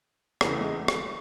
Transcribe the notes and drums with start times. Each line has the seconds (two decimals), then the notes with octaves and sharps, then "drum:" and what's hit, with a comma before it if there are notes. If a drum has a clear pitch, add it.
0.41 E2 C#3 E3 A#3, drum: rim click
0.51 A3
0.61 G#3
0.72 A3
0.88 drum: rim click